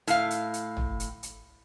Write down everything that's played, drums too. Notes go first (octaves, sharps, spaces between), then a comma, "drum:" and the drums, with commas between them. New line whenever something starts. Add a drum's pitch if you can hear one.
A2 F5, drum: hi-hat
drum: hi-hat
drum: hi-hat
drum: tom
drum: hi-hat
drum: hi-hat